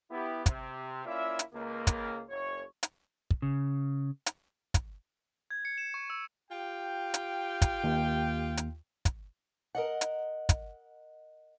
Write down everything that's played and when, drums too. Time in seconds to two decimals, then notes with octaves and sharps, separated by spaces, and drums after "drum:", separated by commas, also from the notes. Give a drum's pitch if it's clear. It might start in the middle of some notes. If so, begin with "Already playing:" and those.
0.11 B3 E4 G4
0.46 C3, drum: kick, hi-hat
1.06 A#3 C#4 E4 F4 D5 E5
1.39 drum: hi-hat
1.54 C#2 A#3
1.87 drum: kick, hi-hat
2.29 F#1 C#5
2.83 drum: hi-hat
3.31 drum: kick
3.42 C#3
4.26 drum: hi-hat
4.74 drum: kick, hi-hat
5.51 G#6
5.65 C#7
5.78 E7
5.94 C#6
6.10 E6
6.51 F4 G4 G5
7.14 drum: hi-hat
7.62 drum: kick, hi-hat
7.84 D#2
8.57 drum: hi-hat
9.05 drum: kick, hi-hat
9.75 A#4 D#5 F#5
10.01 drum: hi-hat
10.49 drum: kick, hi-hat